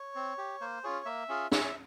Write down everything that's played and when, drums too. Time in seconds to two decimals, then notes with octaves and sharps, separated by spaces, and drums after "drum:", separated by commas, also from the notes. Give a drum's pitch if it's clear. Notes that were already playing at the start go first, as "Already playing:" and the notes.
Already playing: C#5
0.15 C4
0.38 G4
0.61 A#3 C5
0.84 C#4 F4 G#4 C#5
1.05 A#3 E5
1.29 C#4 F4 G#4
1.52 C#4 E5, drum: snare